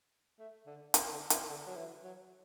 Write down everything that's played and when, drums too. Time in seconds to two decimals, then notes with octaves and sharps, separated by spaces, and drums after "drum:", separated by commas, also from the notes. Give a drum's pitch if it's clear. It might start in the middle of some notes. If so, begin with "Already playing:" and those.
0.39 A3
0.66 D3
0.94 drum: hi-hat
1.12 D3
1.30 E3, drum: hi-hat
1.49 D3
1.67 F#3
1.76 E3
2.04 F#3